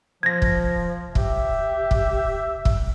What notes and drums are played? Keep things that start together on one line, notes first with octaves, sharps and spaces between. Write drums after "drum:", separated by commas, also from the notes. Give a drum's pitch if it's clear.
F3 G#6 A#6
drum: kick
G4 E5, drum: kick
drum: kick
drum: kick